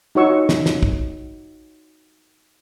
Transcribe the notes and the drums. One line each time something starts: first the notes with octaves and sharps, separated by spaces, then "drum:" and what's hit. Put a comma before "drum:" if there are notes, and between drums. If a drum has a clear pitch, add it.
D#4 F4 F#4 C#5 C#6 E6
drum: snare
drum: snare
drum: kick